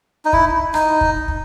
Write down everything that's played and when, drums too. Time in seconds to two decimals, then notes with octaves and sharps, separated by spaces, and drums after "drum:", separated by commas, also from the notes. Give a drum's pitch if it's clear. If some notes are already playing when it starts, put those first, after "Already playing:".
0.25 D#4
0.33 E4, drum: kick
0.74 D#4, drum: rim click
1.01 drum: kick
1.28 drum: kick